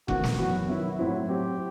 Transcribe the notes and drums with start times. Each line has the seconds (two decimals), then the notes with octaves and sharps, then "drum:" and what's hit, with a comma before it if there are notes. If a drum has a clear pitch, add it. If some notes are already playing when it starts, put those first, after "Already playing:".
0.08 E2 D#3 A3 C4 D#4 F#4, drum: kick F1
0.24 drum: snare
0.38 F#2 E3 B3 F#4
0.68 D#3 F#3 B3 E4
0.98 A2 F#3 C4 E4 F#4
1.29 F#3 C4 E4 G4